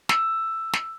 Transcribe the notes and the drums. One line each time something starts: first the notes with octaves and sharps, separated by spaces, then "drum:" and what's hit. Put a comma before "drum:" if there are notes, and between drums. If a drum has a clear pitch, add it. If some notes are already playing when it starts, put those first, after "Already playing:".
E6, drum: snare
drum: snare